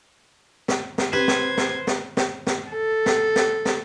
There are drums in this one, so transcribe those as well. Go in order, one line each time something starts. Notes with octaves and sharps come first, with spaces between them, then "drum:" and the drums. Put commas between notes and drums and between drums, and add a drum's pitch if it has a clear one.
drum: snare
drum: snare
C4 G4 B4 C5 G#6
drum: snare
drum: snare
drum: snare
drum: snare
drum: snare
A4
drum: snare
drum: snare
drum: snare